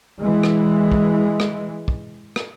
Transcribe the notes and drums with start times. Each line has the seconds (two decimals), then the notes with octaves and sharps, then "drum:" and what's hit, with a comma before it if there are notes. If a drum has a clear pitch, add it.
0.19 E3 G#3
0.43 drum: rim click
0.92 drum: kick
1.40 drum: rim click
1.88 drum: kick
2.36 drum: rim click